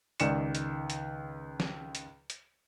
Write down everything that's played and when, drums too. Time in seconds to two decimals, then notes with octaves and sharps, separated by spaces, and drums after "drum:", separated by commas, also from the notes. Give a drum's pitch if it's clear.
0.20 C#2 D#3 D5 C#7 E7, drum: hi-hat
0.55 drum: hi-hat
0.90 drum: hi-hat
1.60 drum: snare
1.95 drum: hi-hat
2.30 drum: hi-hat